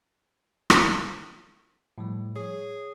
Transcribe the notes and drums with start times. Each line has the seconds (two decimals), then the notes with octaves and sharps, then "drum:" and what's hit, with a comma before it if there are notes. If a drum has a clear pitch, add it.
0.70 drum: rim click
1.98 A2 F3 G3
2.36 G#4 C#5